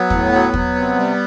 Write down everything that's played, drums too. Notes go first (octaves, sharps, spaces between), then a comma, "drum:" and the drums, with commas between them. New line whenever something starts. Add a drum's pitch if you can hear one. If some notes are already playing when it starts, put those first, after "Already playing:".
Already playing: F#3 B3
A2, drum: kick
F#3
F#3, drum: kick
C3
G3